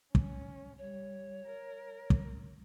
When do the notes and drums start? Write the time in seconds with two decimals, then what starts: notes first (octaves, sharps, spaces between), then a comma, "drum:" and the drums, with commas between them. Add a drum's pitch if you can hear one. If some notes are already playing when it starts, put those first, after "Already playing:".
0.15 C#4, drum: kick
0.78 G3 C#5
1.46 A#4
2.10 drum: kick